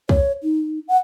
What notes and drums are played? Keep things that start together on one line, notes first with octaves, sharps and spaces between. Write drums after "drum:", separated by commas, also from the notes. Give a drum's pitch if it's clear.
C#5, drum: kick
D#4
F#5